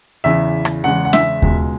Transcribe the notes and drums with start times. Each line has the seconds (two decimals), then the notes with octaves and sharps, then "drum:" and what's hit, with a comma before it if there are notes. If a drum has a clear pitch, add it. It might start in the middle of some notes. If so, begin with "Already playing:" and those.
0.24 E2 C#3 E3 E5
0.65 drum: rim click
0.84 E2 C#3 G#3 F#5
1.05 F#5
1.13 E5, drum: snare
1.42 C#2 B2 G#3, drum: kick D#2